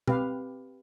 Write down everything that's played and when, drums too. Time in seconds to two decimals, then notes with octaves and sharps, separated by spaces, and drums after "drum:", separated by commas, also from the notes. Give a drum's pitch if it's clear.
0.08 C4 G4 B4 F5, drum: tom B2